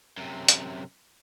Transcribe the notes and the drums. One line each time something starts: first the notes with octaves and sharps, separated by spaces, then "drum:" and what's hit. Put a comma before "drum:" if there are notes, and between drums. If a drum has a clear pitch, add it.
F#2 C3
drum: hi-hat